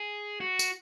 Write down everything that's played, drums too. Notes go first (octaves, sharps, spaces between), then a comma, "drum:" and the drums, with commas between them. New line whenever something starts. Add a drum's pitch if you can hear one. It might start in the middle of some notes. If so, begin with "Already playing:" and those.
Already playing: G#4
F#4
drum: tambourine